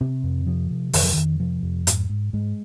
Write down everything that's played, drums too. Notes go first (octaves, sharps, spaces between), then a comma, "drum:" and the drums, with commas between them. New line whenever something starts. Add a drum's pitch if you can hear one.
C3 C4
F2
C3 F3
C3
F2 D#3, drum: open hi-hat
F3
F2 D#3
C3 F3
F2
G#2, drum: hi-hat
G#2
G#2 G#3